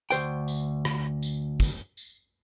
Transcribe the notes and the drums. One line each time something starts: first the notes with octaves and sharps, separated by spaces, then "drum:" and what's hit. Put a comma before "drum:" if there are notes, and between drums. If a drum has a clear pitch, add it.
D2 C5 G5, drum: tambourine
drum: tambourine
drum: rim click
drum: tambourine
drum: kick, tambourine
drum: tambourine